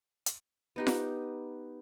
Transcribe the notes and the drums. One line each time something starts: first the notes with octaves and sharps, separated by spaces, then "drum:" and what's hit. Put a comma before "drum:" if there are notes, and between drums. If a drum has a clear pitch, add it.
drum: hi-hat
B3 D#4 G4
drum: snare F4